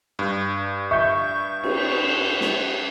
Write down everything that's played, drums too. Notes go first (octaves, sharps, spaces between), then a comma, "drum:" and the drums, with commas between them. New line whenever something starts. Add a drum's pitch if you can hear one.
G2
E5 C#6 G6
drum: cymbal
drum: snare